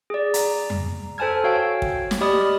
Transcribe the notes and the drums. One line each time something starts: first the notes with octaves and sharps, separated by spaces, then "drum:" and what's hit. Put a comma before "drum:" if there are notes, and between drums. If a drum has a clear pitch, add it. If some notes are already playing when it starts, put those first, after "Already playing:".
G#4 D5
A#5, drum: hi-hat
drum: tom F2
A4 C5 G#5 A5 F6 G#6
F#4 C#5 F5 G5
drum: kick
drum: snare
G4 D5 D#5 B5 D#6 F6